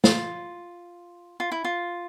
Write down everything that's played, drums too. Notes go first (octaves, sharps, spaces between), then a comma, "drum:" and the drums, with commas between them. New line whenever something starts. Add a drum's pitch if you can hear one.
F4, drum: snare
F4
E4
F4